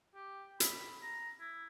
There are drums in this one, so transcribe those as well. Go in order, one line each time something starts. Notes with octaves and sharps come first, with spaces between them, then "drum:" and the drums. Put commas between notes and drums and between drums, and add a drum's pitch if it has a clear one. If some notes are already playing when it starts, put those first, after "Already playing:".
G4
B5, drum: hi-hat
A#5
E4